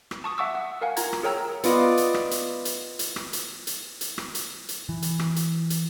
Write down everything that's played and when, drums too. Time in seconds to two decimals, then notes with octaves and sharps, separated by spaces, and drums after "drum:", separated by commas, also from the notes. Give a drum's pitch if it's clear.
0.11 drum: rim click
0.24 A5 C#6 D#6
0.38 E5 F#5 A5 C#6 D6 E6
0.55 F#5
0.81 A#4 F5 F#5 G#5
0.97 F4 A#5 G#6, drum: hi-hat
1.13 drum: rim click
1.23 G#4 A#4 C#5 G5 A#5 E6
1.64 B3 F4 D5 D#5, drum: hi-hat
1.97 drum: hi-hat
2.14 drum: rim click
2.31 drum: hi-hat
2.65 drum: hi-hat
2.99 drum: hi-hat
3.16 drum: rim click
3.33 drum: hi-hat
3.67 drum: hi-hat
4.01 drum: hi-hat
4.18 drum: rim click
4.35 drum: hi-hat
4.69 drum: hi-hat
4.89 E3
5.02 drum: hi-hat
5.19 drum: rim click
5.36 drum: hi-hat
5.70 drum: hi-hat